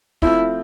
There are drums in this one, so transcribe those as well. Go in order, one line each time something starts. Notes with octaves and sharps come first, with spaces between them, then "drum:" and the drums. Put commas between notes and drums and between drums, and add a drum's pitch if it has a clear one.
F3 A3 C4 E4 F4, drum: kick